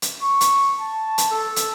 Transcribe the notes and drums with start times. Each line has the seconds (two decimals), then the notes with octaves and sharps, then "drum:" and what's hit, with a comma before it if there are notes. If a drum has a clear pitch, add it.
0.02 drum: hi-hat
0.22 C#6
0.41 drum: hi-hat
0.79 A5
1.18 drum: hi-hat
1.31 A4
1.56 drum: hi-hat